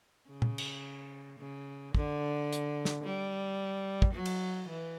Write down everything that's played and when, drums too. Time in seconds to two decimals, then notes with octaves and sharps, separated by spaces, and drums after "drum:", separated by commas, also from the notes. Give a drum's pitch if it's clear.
0.29 C#3
0.42 drum: tom A#2
0.58 drum: cymbal
1.39 C#3
1.95 D3, drum: kick
2.53 drum: hi-hat
2.85 drum: snare
3.04 G3
4.02 drum: kick
4.13 F#3
4.25 drum: cymbal
4.68 E3